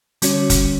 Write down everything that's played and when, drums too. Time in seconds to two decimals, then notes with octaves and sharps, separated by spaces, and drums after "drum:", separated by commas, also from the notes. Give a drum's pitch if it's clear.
0.22 D3 G3 C#4 F#4 C#5, drum: hi-hat
0.50 drum: kick F1, hi-hat